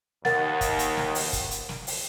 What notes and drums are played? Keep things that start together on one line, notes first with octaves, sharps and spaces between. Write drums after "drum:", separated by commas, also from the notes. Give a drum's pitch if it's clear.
D#2 A#4 F#5 A6, drum: snare
drum: kick, hi-hat
drum: hi-hat
drum: snare
drum: open hi-hat
drum: kick, hi-hat
drum: hi-hat
drum: snare
drum: open hi-hat